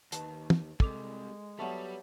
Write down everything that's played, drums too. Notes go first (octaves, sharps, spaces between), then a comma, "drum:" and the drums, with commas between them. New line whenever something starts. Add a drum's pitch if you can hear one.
D#2 B4 A5, drum: hi-hat
drum: tom
C2 C3 G#3 A4 D6 F7, drum: kick
F#3 G3 B3 A4 E5 A5 C#6